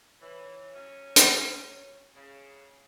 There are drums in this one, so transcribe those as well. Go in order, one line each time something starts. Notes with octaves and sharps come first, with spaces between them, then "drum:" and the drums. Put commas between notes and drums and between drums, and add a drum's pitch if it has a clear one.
E3 C#5
F#3 C#4
drum: hi-hat
C#3